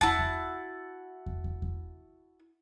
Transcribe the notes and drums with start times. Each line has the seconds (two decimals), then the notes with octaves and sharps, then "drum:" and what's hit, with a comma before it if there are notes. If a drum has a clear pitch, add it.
0.01 E4 F#4 A5, drum: kick
0.19 drum: kick
1.26 drum: kick
1.44 drum: kick
1.62 drum: kick